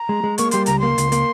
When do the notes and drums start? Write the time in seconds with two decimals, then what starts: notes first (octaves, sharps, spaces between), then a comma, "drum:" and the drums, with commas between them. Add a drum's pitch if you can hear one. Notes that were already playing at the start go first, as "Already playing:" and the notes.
Already playing: A#5
0.09 G#3
0.24 G#3
0.38 A#3 C#6, drum: hi-hat
0.51 G3 C6, drum: hi-hat
0.66 C#2 A#5, drum: hi-hat
0.79 A#3 C6
0.98 C#2, drum: hi-hat
1.12 A#3, drum: hi-hat